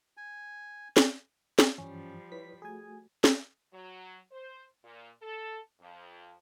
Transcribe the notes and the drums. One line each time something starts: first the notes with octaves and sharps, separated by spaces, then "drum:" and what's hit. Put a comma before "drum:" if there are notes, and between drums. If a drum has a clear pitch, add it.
G#5
drum: snare
drum: snare
G2 E3 F3 G3 C#4
E4 B4 C#5 B6
A3 F#4 G#4 G#5
drum: snare
F#3
C5
A#2
A4
F2